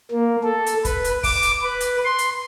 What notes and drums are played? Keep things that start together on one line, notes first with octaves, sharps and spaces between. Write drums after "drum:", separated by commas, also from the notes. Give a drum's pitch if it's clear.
A#3
A4
drum: hi-hat
B4, drum: kick, hi-hat
drum: hi-hat
D6, drum: kick, open hi-hat
drum: hi-hat
B4
drum: hi-hat
C6
drum: hi-hat